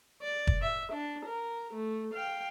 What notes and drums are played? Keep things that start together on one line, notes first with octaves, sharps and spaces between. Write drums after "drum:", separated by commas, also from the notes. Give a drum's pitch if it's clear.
D5
drum: kick
E5
D4
A#4
A3
F5 G5